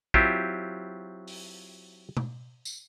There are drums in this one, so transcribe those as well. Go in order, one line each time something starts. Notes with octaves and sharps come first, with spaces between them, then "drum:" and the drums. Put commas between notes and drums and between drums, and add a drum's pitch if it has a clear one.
F#3 C4 E4 F4 G4, drum: kick
drum: open hi-hat
drum: tom B2
drum: tambourine